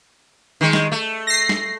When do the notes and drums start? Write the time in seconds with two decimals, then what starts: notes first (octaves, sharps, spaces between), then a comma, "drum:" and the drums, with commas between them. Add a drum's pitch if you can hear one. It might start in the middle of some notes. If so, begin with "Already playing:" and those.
0.61 D#3 G#3
0.73 drum: snare
0.92 A3
1.27 A#6 C7
1.49 drum: snare